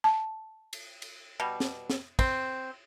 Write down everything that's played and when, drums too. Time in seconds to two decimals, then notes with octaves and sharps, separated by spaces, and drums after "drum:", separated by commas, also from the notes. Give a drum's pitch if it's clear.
0.04 A5
0.73 drum: cymbal
1.02 drum: cymbal
1.40 B2 G3
1.60 drum: snare
1.90 drum: snare
2.19 C4, drum: kick, cymbal